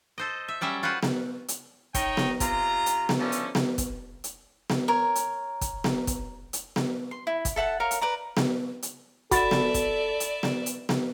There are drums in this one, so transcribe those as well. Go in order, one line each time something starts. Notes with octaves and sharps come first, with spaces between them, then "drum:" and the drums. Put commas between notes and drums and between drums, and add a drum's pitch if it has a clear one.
A4 C5 D#5
E5
F#3 G3 C#4 E5
F4 F#4 B4 C5 F#5
drum: snare B3
drum: hi-hat
D#4 C#5 G5, drum: kick, hi-hat
drum: snare B3
C3 F4 A#5, drum: kick, hi-hat
drum: hi-hat
drum: snare B3
D3 F3 A3 C#4
drum: hi-hat
drum: snare B3
drum: kick, hi-hat
drum: hi-hat
drum: snare B3
A#4 C#5
drum: hi-hat
drum: kick, hi-hat
drum: snare B3
drum: kick, hi-hat
drum: hi-hat
drum: snare B3
C6
E4
drum: kick, hi-hat
A4 E5 F#5 A5
A#4 C#5 F5
drum: hi-hat
B4 D5 A#5
drum: snare B3
drum: hi-hat
F#4 A4 D5 E5 B5 A6, drum: kick, hi-hat
drum: snare B3
drum: kick, hi-hat
drum: hi-hat
drum: snare B3
drum: hi-hat
drum: snare B3